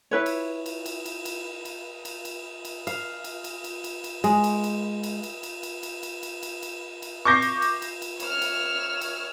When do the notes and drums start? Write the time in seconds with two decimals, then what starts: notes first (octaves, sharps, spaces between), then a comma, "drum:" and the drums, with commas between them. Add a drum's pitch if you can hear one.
0.11 E4 B4 C#5
0.26 drum: cymbal
0.66 drum: cymbal
0.86 drum: cymbal
1.06 drum: cymbal
1.25 drum: cymbal
1.65 drum: cymbal
2.05 drum: cymbal
2.25 drum: cymbal
2.65 drum: cymbal
2.87 F5, drum: cymbal
3.24 drum: cymbal
3.44 drum: cymbal
3.64 drum: cymbal
3.84 drum: cymbal
4.04 drum: cymbal
4.24 G#3, drum: cymbal
4.44 drum: cymbal
4.64 drum: cymbal
5.03 drum: cymbal
5.23 drum: cymbal
5.43 drum: cymbal
5.63 drum: cymbal
5.83 drum: cymbal
6.03 drum: cymbal
6.23 drum: cymbal
6.43 drum: cymbal
6.63 drum: cymbal
7.02 drum: cymbal
7.25 C#6 D6 G6 A#6 C7
7.42 drum: cymbal
7.62 drum: cymbal
7.82 drum: cymbal
8.02 drum: cymbal
8.20 C#5 E6 F6, drum: cymbal
8.42 drum: cymbal
9.01 drum: cymbal